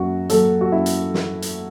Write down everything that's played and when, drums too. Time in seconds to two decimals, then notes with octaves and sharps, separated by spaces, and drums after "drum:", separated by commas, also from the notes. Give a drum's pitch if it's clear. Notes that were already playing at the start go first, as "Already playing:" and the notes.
Already playing: F#2 F#3 F#4
0.30 F#3 A4, drum: hi-hat
0.61 F#4
0.71 F#2 E4
0.86 drum: hi-hat
1.14 drum: snare
1.42 drum: hi-hat